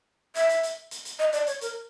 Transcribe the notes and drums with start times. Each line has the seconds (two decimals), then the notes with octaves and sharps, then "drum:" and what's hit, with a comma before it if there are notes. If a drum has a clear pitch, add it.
0.35 E5, drum: hi-hat
0.49 drum: hi-hat
0.63 drum: hi-hat
0.91 drum: hi-hat
1.05 drum: hi-hat
1.19 D#5
1.33 D5, drum: hi-hat
1.47 C#5, drum: hi-hat
1.61 A#4, drum: hi-hat